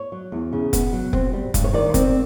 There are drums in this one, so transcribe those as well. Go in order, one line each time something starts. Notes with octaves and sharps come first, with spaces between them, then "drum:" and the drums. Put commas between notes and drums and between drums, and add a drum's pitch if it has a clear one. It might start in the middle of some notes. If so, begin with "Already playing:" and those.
Already playing: C#5
F#3
E2
C#3
B3, drum: kick F1, hi-hat
F#3
C4, drum: kick F1
G3
G2, drum: kick F1, hi-hat
C#5
D#3 D5
C4, drum: kick F1, hi-hat